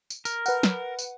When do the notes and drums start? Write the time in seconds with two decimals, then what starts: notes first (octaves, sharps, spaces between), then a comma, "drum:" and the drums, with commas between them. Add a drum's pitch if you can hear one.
0.10 drum: tambourine
0.25 A#4, drum: tambourine
0.46 B4 F#5, drum: tambourine
0.63 drum: snare
0.99 drum: tambourine